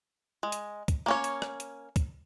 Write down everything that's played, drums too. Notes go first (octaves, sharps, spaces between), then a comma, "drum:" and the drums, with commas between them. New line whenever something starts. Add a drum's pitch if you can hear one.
G#3
drum: hi-hat
drum: kick, hi-hat
A#3 C#4 C#5
drum: hi-hat
drum: rim click
drum: hi-hat
drum: kick, hi-hat